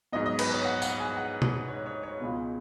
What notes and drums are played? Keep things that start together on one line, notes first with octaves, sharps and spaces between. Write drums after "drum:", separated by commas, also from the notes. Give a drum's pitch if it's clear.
G#2 F#3 B3 D#5
D#5
B4, drum: cymbal
C#5
F#5
F#5, drum: tambourine
G#5
F#5
drum: tom B2
C#5
C#5
C#5
C#2 B2 G#3 B3